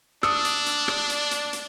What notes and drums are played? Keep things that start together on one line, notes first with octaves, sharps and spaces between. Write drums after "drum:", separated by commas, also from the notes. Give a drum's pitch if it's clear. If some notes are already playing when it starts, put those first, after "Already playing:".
D4 D#6 E6 C#7, drum: rim click
drum: hi-hat
drum: hi-hat
drum: rim click
drum: hi-hat
drum: hi-hat
drum: hi-hat